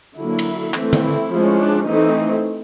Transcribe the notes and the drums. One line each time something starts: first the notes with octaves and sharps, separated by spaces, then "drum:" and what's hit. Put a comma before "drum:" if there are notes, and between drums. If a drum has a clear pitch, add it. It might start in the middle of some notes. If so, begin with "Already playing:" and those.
D3 F#3 A#3 E4
drum: cymbal
E3 A3 C4, drum: clap
drum: tom D3
E4
F3 G#3 C#4
D4
E3 A3 C4 D#4